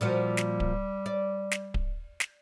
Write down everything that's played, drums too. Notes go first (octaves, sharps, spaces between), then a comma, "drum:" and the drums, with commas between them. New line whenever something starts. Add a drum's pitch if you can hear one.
A#2 F3 G3 F#4
drum: snare
drum: kick D1
D5
drum: snare
drum: kick D1
drum: snare